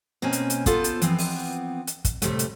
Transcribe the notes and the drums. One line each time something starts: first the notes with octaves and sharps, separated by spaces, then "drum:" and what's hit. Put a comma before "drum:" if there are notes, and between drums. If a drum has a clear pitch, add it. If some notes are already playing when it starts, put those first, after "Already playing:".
B2 A#3 C4 C#4 G#5
drum: hi-hat
drum: hi-hat
B3 F4 A4 C5, drum: kick, hi-hat
drum: hi-hat
E3 F3 B3 C4, drum: hi-hat
drum: open hi-hat
drum: hi-hat
drum: kick, hi-hat
A2 C3 F#3 G3 A3, drum: hi-hat
drum: hi-hat